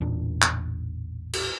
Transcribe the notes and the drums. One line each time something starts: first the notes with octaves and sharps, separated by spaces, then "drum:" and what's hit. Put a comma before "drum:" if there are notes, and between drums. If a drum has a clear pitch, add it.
A1 E2 A#2 D4
drum: clap
drum: cymbal